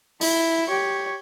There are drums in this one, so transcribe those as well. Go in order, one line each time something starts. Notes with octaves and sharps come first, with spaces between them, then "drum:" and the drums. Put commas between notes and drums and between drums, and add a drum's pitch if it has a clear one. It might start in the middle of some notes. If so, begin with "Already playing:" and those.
E4, drum: open hi-hat
G4 C#5